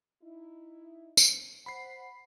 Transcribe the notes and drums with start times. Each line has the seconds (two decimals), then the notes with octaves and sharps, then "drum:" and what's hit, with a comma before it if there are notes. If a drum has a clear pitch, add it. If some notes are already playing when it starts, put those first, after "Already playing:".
0.23 D#4 E4
1.17 drum: tambourine
1.66 C5 F#5 B5 C7